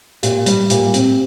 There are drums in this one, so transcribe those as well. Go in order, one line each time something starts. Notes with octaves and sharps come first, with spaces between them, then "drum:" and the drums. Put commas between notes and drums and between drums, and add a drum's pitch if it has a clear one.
A#2 G4, drum: hi-hat
G3, drum: hi-hat
A#2 G4, drum: hi-hat
C4, drum: hi-hat